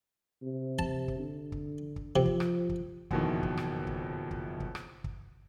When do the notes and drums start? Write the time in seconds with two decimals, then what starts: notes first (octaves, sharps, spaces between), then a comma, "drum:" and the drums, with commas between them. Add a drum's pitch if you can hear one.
0.42 C3
0.79 A5, drum: kick
1.08 drum: kick
1.19 D3
1.52 drum: kick
1.96 drum: kick
2.16 C3 F3
2.25 drum: kick
2.40 drum: rim click
2.69 drum: kick
3.11 F#1 F2 B2 D#3 E3, drum: kick
3.43 drum: kick
3.57 drum: rim click
3.87 drum: kick
4.31 drum: kick
4.60 drum: kick
4.75 drum: rim click
5.04 drum: kick